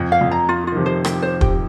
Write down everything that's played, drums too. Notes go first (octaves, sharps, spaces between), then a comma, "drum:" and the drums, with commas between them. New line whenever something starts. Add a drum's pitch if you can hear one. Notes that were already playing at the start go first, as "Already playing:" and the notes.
Already playing: F2
F5
F2
A#5
F4
F4
D#3
C3 F3
C5
G4, drum: rim click
C5
G4, drum: kick